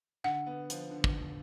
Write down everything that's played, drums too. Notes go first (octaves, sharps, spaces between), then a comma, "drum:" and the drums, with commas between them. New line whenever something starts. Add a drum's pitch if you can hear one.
D3 F#5
B3
F3, drum: hi-hat
D3
drum: kick
D3